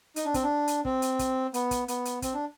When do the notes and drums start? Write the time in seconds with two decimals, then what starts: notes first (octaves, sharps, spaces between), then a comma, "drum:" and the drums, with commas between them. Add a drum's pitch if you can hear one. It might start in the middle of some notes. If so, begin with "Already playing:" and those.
0.16 D#4, drum: hi-hat
0.25 D4
0.34 C4, drum: kick, hi-hat
0.43 D4
0.67 drum: hi-hat
0.85 C4, drum: kick
1.02 drum: hi-hat
1.19 drum: kick, hi-hat
1.54 B3, drum: hi-hat
1.71 drum: kick, hi-hat
1.88 B3, drum: hi-hat
2.05 drum: hi-hat
2.22 C4, drum: kick, hi-hat
2.34 D4